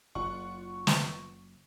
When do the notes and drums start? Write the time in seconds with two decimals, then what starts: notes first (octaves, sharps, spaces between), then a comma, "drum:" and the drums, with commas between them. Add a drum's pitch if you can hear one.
0.15 F#1 F4 F#5 C#6
0.87 drum: snare